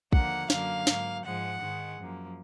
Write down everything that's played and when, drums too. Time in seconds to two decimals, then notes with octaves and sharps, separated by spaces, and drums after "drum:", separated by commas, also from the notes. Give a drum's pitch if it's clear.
0.13 D#2 D3 F3 A#3 F#5, drum: kick
0.50 F#2 D3 F#3 A#3 F5, drum: snare
0.87 G#2 F#3 A#3, drum: snare
1.24 G#2 F3 G#3 F#5
1.61 G#2 D#3 G#3
1.98 F#2 F3 A#3